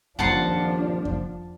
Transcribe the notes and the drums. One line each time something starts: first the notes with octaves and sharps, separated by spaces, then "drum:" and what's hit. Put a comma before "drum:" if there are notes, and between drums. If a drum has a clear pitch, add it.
D#1 F3 D4 F#5 A5 C6, drum: kick F2
drum: kick F2